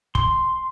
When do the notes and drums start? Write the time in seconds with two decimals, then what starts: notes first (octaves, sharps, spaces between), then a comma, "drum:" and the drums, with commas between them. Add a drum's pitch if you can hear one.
0.15 C6, drum: kick